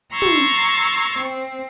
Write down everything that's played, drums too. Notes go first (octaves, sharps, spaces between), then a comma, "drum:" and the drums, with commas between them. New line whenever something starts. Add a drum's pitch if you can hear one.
A#5 C6 C#6 E6 G#6 A6
drum: tom
C4